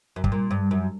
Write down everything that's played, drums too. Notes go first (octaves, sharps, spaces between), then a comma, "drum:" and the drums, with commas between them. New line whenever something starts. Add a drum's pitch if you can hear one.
F#2
G2, drum: kick
A#2
G2
F#2